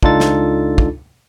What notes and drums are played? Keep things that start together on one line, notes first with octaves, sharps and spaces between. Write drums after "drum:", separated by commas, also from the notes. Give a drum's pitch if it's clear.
C#2 D4 D#4 F4 A4 A6, drum: kick
drum: snare
drum: kick